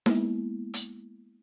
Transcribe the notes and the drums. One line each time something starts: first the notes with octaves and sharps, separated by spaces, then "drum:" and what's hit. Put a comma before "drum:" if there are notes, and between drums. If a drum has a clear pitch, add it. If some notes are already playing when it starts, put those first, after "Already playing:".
G#3 A#3 B3 E4, drum: snare D#4
drum: hi-hat